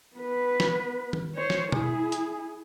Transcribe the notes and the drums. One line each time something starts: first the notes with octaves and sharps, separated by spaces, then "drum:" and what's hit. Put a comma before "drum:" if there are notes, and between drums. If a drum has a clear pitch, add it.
B3 B4
drum: snare
drum: tom D#3
C5 C#5
drum: snare
E4 G#4, drum: tom B2
drum: hi-hat